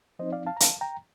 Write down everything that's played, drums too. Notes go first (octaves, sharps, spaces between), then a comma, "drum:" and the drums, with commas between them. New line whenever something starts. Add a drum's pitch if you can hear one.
F3 C4 D#4 C5 D#5
D5 F5
F5 A5
A#5
F5 A5, drum: hi-hat
G5 A#5